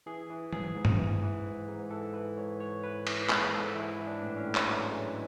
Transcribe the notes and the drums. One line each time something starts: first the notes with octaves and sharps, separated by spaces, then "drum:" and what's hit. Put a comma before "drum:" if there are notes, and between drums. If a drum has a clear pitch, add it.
E3 G#4
E3
G#2 G#4, drum: tom
G#2
drum: tom
E3
E3
G#2
G#2
E3 A4
E3 B4
G#2 C#5
G#2 C#5
E3 B4
E3, drum: cymbal
G#2 G#4, drum: clap
G#2 A4
E3 E4
E3
D4
A2
C#4
A2
drum: clap
E3 F#3
E3 G#3